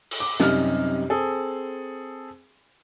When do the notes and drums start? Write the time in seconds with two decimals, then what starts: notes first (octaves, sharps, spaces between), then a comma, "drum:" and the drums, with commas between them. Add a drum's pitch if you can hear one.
0.11 drum: cymbal
0.20 D6
0.40 F#2 C3 G3 D#4 F6, drum: snare
1.10 C4 G#4 A4